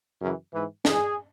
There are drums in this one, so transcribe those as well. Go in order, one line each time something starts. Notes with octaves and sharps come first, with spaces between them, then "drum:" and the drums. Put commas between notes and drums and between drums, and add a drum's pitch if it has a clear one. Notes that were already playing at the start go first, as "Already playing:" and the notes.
F#2 C#3 E3
G#2 E3
G#2 E3 G#4, drum: snare